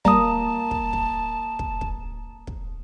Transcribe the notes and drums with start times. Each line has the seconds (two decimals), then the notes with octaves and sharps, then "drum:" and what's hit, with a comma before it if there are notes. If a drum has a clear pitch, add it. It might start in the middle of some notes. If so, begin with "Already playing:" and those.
0.05 G3 A#3 A5 A#5 D#6, drum: kick
0.71 drum: kick
0.93 drum: kick
1.59 drum: kick
1.81 drum: kick
2.47 drum: kick